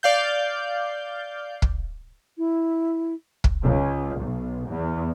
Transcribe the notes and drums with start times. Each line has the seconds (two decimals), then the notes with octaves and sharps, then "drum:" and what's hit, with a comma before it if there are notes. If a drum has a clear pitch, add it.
0.03 D5 F5 G6
1.62 drum: kick
2.38 E4
3.44 drum: kick
3.64 C#2
4.20 B1
4.69 E2